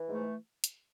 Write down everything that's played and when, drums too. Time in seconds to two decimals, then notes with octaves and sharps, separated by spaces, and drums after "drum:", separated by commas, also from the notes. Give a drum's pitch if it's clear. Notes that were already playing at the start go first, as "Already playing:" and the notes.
Already playing: E3
0.09 G#2 A3
0.64 drum: hi-hat